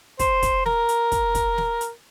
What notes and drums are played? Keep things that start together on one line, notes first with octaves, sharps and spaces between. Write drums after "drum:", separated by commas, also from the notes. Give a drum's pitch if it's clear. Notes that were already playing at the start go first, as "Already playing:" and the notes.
C5, drum: kick, hi-hat
drum: kick, hi-hat
A#4, drum: snare
drum: hi-hat
drum: kick, hi-hat
drum: kick, hi-hat
drum: snare
drum: hi-hat